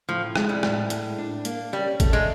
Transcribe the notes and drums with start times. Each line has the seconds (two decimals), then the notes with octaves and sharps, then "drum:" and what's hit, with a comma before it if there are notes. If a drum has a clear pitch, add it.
0.08 A2 F3
0.36 G#3, drum: rim click
0.49 G3
0.63 A2, drum: rim click
0.90 A2, drum: hi-hat
1.18 D4
1.45 A#3, drum: hi-hat
1.73 G3 C#4
2.00 A3, drum: kick, hi-hat
2.13 G#3